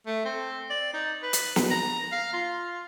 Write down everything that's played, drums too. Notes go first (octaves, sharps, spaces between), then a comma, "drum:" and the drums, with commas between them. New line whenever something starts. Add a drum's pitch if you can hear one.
A3
C4
D5
D#4
B4
drum: hi-hat
drum: snare
A#5
F5
F4